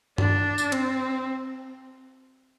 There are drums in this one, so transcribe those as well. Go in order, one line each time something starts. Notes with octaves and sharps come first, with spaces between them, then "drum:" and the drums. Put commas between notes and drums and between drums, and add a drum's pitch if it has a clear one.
D4, drum: tom G2
drum: tambourine
C4, drum: cymbal